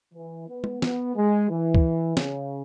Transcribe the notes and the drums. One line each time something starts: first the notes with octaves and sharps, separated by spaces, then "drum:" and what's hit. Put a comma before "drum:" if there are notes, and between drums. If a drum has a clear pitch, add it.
E3
B3
drum: tom
B3, drum: snare
G#3
E3
drum: kick
C#3, drum: snare